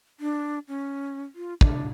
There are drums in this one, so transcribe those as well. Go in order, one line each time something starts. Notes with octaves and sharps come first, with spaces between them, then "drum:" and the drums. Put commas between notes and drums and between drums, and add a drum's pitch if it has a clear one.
D4
C#4
F4
D4, drum: kick